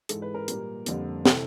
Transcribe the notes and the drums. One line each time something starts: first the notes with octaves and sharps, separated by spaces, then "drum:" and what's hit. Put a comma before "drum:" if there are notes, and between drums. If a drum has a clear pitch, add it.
G#2 E3 G#3 A4, drum: hi-hat
B4
A#4
A#2 G3 A#3, drum: hi-hat
F2 D3 G3 A#3, drum: hi-hat
C3 E3 A4, drum: snare